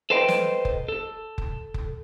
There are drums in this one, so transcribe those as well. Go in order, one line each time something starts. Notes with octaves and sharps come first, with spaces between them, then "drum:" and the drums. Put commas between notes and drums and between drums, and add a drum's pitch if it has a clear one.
A4 B4 C5 D#5 G5
drum: snare
drum: kick F1
A4
drum: kick F1
drum: kick F1